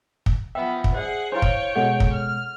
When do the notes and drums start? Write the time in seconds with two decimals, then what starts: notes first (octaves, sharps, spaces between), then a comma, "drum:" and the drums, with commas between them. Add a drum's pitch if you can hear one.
0.26 drum: kick
0.55 F3 B3 E5 G5 B5
0.84 drum: kick
0.94 G#4 C5 D5 F#5
1.32 D4 E4 C5 C#5 F5 G5 C6
1.42 drum: kick
1.75 B2 G#3 G#4 A4 F#5 G6
2.00 drum: kick
2.13 F6